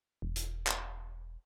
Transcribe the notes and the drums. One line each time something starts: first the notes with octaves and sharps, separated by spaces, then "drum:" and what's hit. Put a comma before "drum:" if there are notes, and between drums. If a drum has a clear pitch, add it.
E1
drum: hi-hat
drum: clap